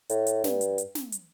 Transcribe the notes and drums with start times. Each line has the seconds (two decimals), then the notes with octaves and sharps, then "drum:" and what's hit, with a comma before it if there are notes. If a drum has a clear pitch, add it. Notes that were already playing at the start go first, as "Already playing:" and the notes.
0.09 A2, drum: hi-hat
0.27 drum: hi-hat
0.44 G2, drum: snare
0.61 drum: hi-hat
0.78 drum: hi-hat
0.95 drum: snare
1.12 drum: hi-hat